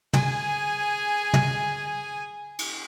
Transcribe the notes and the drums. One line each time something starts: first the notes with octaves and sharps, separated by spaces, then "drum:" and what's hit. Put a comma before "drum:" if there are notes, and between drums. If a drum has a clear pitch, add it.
G#4 G#5, drum: tom
drum: tom
drum: cymbal